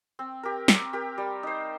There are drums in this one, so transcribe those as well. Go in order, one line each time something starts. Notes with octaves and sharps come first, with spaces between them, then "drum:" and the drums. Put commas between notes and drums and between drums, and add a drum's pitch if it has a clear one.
C4
G4 A#4
C4, drum: snare
G4 A#4
G3
D#4 C5